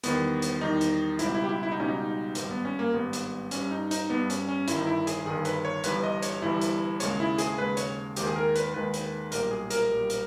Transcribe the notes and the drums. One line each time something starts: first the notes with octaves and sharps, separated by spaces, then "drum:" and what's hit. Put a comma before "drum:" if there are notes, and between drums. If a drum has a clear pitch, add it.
E2 D#3 G3 B3, drum: hi-hat
drum: hi-hat
E2 D#3 G3 D#4
drum: hi-hat
C#2 B2 G3 E4, drum: hi-hat
E4
G4
E4
E4
D#4
C#2 B2 G3 C#4
D#4
G#1 G2 G3, drum: hi-hat
B3
C#4
A#3
G#1 G2 G3 B3
drum: hi-hat
G2 G3 C#4, drum: hi-hat
D#4
D#4, drum: hi-hat
G2 G3 B3
C#4, drum: hi-hat
C#4
G1 G2 D#3 E4, drum: hi-hat
D#4
E4
G#4, drum: hi-hat
G1 G2 D#3 G#4
B4, drum: hi-hat
C#5
G1 G2 E3 G3 B4, drum: hi-hat
D#5
C#5, drum: hi-hat
G1 G2 E3 G3 E4
drum: hi-hat
D#2 C#3 G#3 C#5, drum: hi-hat
E4
G#4, drum: hi-hat
D#2 C#3 G#3 B4
C#5, drum: hi-hat
D#2 D#3 G#3 G4, drum: hi-hat
G#4
A#4
B4, drum: hi-hat
D#2 D#3 G#3 B4
drum: hi-hat
B1 A#2 G3 A#4, drum: hi-hat
G#4
A#4, drum: hi-hat
B1 A#2 G3
drum: hi-hat